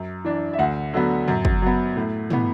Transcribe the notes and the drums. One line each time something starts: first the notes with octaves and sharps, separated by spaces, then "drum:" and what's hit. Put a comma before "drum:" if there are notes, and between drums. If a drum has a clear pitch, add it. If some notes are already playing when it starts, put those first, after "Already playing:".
Already playing: F#2
E3 D4
E5
D2 F#5
D3 F#3 B3
F#2, drum: tom
drum: kick
F#3 B3
A2
E3 B3, drum: tom